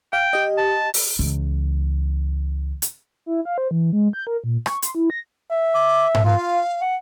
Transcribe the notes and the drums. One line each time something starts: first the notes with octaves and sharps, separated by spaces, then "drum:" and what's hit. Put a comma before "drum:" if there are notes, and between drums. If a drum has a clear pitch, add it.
F5 G5
G4 D#5
A5
drum: open hi-hat
C#2 E3
drum: hi-hat
E4
F5
C5
E3
G#3
G6
A#4
A#2
C#6, drum: rim click
C6, drum: hi-hat
E4
A#6
E5
D6
drum: tom G#2
F4 F5
F#5